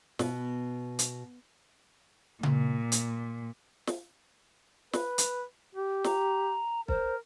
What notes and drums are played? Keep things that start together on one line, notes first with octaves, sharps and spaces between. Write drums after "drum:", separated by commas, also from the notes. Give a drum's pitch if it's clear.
B2, drum: snare
drum: hi-hat
A#2, drum: tom C#3
drum: hi-hat
drum: snare
B4, drum: snare
drum: hi-hat
G4
A#5, drum: snare
A#4 C5, drum: kick